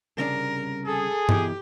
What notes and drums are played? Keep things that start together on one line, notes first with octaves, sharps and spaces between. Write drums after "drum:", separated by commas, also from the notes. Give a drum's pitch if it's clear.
C2 C#3 D4 A#4
G#4 A4
B2 E3 G4, drum: tom G2